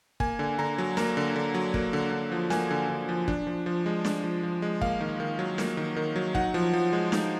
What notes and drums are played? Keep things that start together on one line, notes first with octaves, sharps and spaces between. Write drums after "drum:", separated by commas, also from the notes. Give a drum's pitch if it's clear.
A#3 G#5, drum: kick
D3
D3 A#5
F#3
A#3 A#5, drum: snare
D3
D3
F#3
A#3, drum: kick
D3
D3
F3
A#3 G#5, drum: snare
D3
D3
F3
D4, drum: kick
F3
F3
G#3
D4, drum: snare
F3
F3
G#3
A#3 F5, drum: kick
D#3
D#3
F#3
A#3, drum: snare
D#3
D#3
F#3
D#4 F#5, drum: kick
F3
F3
G#3
D#4, drum: snare